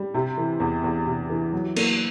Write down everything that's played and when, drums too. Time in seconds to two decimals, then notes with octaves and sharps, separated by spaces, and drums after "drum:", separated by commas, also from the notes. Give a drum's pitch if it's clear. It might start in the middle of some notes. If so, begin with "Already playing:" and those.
Already playing: G3
0.14 C3
0.38 E3
0.60 E2
0.84 E2
1.07 C3
1.29 E3
1.52 F#3
1.76 A#3, drum: cymbal